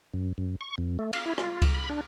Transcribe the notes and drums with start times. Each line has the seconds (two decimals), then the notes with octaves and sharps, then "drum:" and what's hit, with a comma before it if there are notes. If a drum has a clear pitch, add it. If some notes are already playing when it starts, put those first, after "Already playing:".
0.14 F#2
0.38 F#2
0.61 C#6
0.78 F2
0.99 A3
1.13 F5, drum: cymbal
1.26 E4
1.38 F4, drum: rim click
1.62 drum: kick C#2, cymbal
1.74 B5
1.89 D4